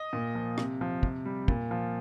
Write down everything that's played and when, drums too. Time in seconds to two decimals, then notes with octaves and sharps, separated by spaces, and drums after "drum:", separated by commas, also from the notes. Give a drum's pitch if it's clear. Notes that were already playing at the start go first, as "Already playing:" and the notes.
Already playing: D#5
0.13 A#2
0.35 F3
0.58 C3, drum: rim click
0.81 F3
1.03 C3, drum: kick
1.25 G3
1.48 A#2, drum: kick
1.71 F3